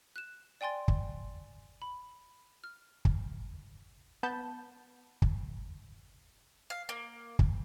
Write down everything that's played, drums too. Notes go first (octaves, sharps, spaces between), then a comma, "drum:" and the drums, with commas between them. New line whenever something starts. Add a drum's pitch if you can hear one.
F#6 E7
D5 G5 G#5 C6 A6
drum: kick
B5
F6
drum: kick
B3 A5 B5 G6
drum: kick
F5
A#3
drum: kick